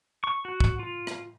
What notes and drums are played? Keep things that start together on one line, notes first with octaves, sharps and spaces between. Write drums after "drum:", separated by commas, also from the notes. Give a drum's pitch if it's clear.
C#6
F#4
drum: kick
F4
drum: rim click